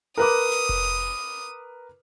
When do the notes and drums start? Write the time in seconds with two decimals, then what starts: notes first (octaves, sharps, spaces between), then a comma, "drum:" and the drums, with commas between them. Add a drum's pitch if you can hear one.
0.18 A#4 B4 D6 D#6
0.52 drum: snare
0.69 drum: kick F1